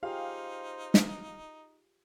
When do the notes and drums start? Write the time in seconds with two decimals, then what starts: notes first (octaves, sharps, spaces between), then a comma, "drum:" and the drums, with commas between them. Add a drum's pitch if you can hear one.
0.03 D#4 F4 G4 G#4 C5 F5
0.94 drum: snare